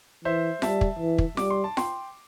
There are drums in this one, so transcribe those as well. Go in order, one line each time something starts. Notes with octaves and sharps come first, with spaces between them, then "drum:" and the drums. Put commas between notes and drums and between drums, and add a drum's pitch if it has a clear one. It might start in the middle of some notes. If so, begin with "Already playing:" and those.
E3 C5 E5
G3 E5 A5, drum: snare F4
drum: kick
E3
drum: kick
G3 D6, drum: snare F4
C6
A5
G5 C6, drum: snare F4